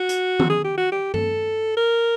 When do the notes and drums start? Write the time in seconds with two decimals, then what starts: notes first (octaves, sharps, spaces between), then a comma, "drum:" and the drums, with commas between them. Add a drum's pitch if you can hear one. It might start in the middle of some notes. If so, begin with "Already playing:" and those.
Already playing: F#4
0.09 drum: hi-hat
0.40 drum: tom D#3
0.50 G#4
0.65 G4
0.78 F#4
0.92 G4
1.14 A4, drum: tom G2
1.77 A#4